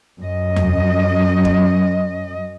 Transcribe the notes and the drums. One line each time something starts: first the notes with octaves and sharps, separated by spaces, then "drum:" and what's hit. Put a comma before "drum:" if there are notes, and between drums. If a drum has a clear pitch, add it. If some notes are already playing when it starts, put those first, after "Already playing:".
F#2 D#5
drum: tom E2
drum: kick E1